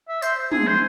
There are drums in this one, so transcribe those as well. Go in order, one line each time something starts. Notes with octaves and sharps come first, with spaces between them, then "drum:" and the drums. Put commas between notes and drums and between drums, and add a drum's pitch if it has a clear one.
E5
C5, drum: tambourine
G#4, drum: tom
C5